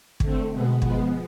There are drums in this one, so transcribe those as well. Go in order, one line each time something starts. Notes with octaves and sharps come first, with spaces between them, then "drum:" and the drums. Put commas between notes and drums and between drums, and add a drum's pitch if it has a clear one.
D3 A3 C4, drum: kick
B2 G#3 B3
F3 G#3 B3, drum: kick